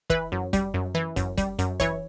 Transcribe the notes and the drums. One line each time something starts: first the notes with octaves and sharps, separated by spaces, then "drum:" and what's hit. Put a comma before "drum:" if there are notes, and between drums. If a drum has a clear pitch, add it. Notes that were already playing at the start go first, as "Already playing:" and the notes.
E3 B4, drum: kick
F#2
G3, drum: kick, hi-hat
F#2
E3
F#2, drum: kick, hi-hat
G3, drum: kick, hi-hat
F#2, drum: hi-hat
E3 C#5, drum: kick, hi-hat